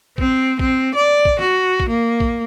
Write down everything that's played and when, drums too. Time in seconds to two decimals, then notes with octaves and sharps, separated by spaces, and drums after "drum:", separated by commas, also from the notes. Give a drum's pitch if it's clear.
0.18 C4, drum: kick
0.59 C4, drum: kick
0.95 D5
1.25 drum: kick
1.39 F#4, drum: snare
1.80 drum: kick
1.89 A#3
2.20 drum: kick